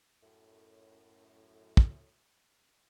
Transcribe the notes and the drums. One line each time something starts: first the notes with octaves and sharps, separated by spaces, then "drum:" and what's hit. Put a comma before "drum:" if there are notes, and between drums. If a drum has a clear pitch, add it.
F#2 A2
drum: kick